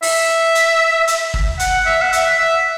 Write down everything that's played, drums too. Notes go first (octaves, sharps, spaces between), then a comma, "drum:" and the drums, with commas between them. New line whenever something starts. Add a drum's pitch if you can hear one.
E5, drum: open hi-hat
drum: hi-hat
drum: hi-hat
drum: kick
F#5, drum: hi-hat
E5
F#5
E5, drum: hi-hat
E5